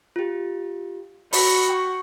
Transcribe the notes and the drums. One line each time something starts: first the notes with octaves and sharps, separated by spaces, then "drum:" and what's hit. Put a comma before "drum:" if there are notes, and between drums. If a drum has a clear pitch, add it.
F4 G4
F#4 B5 B6, drum: open hi-hat
G5 C#6